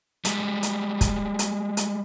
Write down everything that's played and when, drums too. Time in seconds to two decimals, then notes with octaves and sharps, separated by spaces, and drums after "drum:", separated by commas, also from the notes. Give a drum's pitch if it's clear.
0.25 G3 G#3, drum: hi-hat
0.63 drum: hi-hat
1.01 drum: kick, hi-hat
1.39 drum: hi-hat
1.77 drum: hi-hat